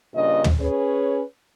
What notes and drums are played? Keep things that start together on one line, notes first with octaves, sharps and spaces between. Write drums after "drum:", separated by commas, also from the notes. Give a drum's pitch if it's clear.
G2 A#2 C#3 D#5
drum: tom
C#4 G#4 B4 C#5